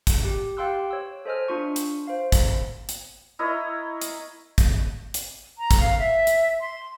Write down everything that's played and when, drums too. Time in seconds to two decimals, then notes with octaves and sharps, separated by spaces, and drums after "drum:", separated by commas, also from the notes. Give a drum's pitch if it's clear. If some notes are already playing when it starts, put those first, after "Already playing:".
0.07 drum: kick, hi-hat
0.24 G4
0.57 G4 F5 G5 C6 E6 F#6
0.91 C#5 E6
1.26 A4 C5 D#5 G#5 F6
1.48 D4 F4 C#6
1.76 drum: hi-hat
2.07 C5 F5
2.32 drum: kick, hi-hat
2.89 drum: hi-hat
3.39 E4 A#4 C#5 D#5
4.02 drum: hi-hat
4.58 drum: kick, hi-hat
5.14 drum: hi-hat
5.58 A#5
5.71 drum: kick, hi-hat
5.80 F5
5.99 E5
6.27 drum: hi-hat
6.60 C6